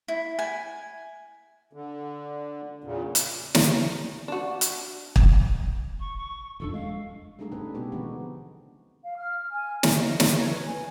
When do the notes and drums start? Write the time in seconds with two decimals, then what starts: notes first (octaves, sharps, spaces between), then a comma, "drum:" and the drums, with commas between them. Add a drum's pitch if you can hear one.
0.08 E4
0.39 G#5
1.73 D3
2.84 E2 A#2 C#3
3.15 drum: hi-hat
3.55 drum: snare
4.28 D4 F#4
4.61 drum: hi-hat
5.16 drum: kick
6.00 C#6
6.16 C#6
6.60 D#1 F2 D4 A4
6.74 G#3 F5
7.39 G3 A3 D4 D#4 G#4 A4
7.52 C#3 C4 D4 D#4 B4
7.74 B2 G#3 B3 F#4 G4
7.92 D3 E3 F3 G#3 B3
9.04 F5
9.17 F6
9.51 G#5
9.83 F5, drum: snare
9.95 D#5
10.20 A4, drum: snare
10.38 C#5
10.51 B4
10.66 G#5